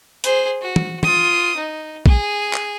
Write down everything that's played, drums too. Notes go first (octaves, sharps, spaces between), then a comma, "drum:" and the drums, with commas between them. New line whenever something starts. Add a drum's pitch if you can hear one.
G#4 C5, drum: hi-hat
F#4
drum: tom
F4 D#6, drum: tom
D#4
G#4, drum: kick
drum: clap